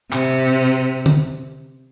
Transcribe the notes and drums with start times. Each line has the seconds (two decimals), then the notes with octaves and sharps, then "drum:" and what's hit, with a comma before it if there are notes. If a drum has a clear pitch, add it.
0.12 C3, drum: clap
1.06 drum: tom D3